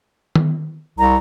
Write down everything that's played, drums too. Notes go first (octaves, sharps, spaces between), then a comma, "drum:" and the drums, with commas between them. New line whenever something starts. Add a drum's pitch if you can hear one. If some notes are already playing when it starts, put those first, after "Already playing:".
drum: tom D#3
C2 A#5